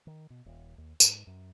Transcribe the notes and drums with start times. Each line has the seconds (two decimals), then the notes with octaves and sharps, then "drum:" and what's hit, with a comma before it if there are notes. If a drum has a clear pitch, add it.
0.07 D#3
0.30 B2
0.46 D#1
0.78 D#2
1.00 G#2, drum: tambourine
1.27 F#2